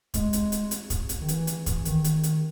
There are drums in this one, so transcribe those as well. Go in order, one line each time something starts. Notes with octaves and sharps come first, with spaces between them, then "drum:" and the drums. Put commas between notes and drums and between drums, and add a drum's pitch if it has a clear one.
G#3, drum: kick, hi-hat
drum: hi-hat
drum: hi-hat
drum: hi-hat
drum: kick, hi-hat
drum: hi-hat
D#3
E3, drum: hi-hat
drum: hi-hat
drum: kick, hi-hat
D#3, drum: hi-hat
drum: hi-hat
drum: hi-hat